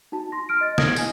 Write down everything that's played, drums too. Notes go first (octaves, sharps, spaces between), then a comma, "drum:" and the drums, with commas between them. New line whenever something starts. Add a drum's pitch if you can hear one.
D#4 F#4 A5
C6 A#6
F6 D7
D#5 A6
D#6 G#6 A#6 D7, drum: snare
E4 D#5 G#5, drum: tambourine